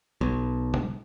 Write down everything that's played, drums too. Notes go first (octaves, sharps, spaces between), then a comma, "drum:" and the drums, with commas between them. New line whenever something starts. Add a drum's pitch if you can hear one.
B1
drum: tom